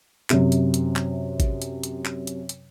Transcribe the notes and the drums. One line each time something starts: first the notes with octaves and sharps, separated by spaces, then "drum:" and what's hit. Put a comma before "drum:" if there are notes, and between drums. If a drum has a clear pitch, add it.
F#2 C3, drum: clap
drum: hi-hat
drum: hi-hat
drum: clap
drum: kick G#1, hi-hat
drum: hi-hat
drum: hi-hat
drum: clap
drum: hi-hat
drum: hi-hat